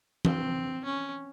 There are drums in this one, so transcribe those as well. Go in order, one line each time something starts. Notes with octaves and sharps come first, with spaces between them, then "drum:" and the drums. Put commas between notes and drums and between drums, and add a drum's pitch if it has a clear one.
C4, drum: tom E3
C#4